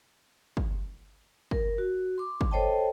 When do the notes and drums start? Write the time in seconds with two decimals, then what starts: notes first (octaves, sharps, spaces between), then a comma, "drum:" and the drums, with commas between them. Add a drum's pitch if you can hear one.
0.57 drum: kick
1.51 A#4, drum: kick
1.78 F#4
2.18 C6 D6
2.41 drum: kick
2.51 A4 C5 C#5 D#5 G5 A5